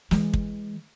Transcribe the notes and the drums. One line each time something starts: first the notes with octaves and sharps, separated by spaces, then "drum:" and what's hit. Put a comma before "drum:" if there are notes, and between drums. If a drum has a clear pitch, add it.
E3 G#3, drum: snare
drum: kick